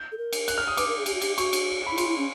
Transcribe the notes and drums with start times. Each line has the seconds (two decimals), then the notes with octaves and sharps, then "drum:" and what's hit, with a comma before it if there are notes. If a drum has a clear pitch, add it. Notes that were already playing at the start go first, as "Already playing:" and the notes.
Already playing: G6
0.12 A4
0.18 A#4
0.33 drum: cymbal
0.48 F#6, drum: cymbal
0.58 F6
0.68 D#6
0.77 B4 D6, drum: cymbal
0.88 A#4
0.98 G#4
1.06 G4, drum: cymbal
1.15 F#4
1.22 G4, drum: cymbal
1.38 F#4 C#6, drum: cymbal
1.53 drum: cymbal
1.87 B5
1.92 E4
1.98 F4 C6, drum: cymbal
2.07 E4
2.18 C#4